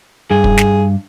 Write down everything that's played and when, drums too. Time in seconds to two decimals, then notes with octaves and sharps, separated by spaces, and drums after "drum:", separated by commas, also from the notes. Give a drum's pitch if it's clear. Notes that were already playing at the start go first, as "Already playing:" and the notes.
0.31 G2 G#4
0.44 drum: kick
0.57 drum: snare